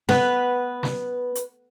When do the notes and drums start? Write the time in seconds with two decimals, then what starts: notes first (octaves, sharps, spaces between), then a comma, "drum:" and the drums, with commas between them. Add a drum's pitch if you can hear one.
0.09 B3 B4, drum: snare
0.83 drum: snare
1.35 drum: hi-hat